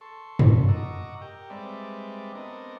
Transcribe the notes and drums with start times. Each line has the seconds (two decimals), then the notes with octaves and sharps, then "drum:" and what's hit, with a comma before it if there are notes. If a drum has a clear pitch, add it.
0.01 A4 C6 C#6
0.39 drum: tom
0.68 D#5 F#5 A#5 C#6 D6 E6
1.21 G4 A#4 G5
1.50 G3 G#3 C4 B4 D5 E5
2.35 B3 C4 D4 A#4 D#5